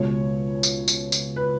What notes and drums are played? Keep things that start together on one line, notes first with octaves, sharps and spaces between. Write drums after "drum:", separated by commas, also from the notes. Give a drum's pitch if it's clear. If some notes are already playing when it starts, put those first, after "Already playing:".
Already playing: C#2 B2 G#3 C#5
drum: tambourine
drum: tambourine
drum: tambourine
B4